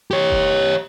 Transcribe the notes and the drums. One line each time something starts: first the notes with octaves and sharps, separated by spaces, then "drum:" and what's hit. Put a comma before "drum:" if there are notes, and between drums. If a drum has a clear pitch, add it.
G4 C#5
drum: kick F1